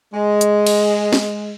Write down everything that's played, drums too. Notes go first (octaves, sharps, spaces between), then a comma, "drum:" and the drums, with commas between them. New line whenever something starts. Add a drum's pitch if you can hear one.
G#3
drum: hi-hat
drum: cymbal
drum: snare